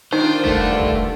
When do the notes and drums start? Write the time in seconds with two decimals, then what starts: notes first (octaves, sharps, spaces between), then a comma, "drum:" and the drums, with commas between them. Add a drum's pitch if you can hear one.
0.12 D#3 D4 F4 C5
0.45 G2 D3 A3, drum: kick F1
0.81 drum: kick F1